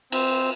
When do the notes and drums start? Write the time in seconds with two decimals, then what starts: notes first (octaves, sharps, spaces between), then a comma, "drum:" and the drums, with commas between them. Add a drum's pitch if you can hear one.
0.12 C4, drum: cymbal